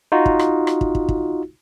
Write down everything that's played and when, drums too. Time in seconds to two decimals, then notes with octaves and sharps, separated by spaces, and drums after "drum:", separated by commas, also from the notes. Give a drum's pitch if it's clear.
0.12 D#4 F4 F#4
0.26 drum: kick
0.39 drum: rim click
0.67 drum: rim click
0.81 drum: kick
0.95 drum: kick
1.09 drum: kick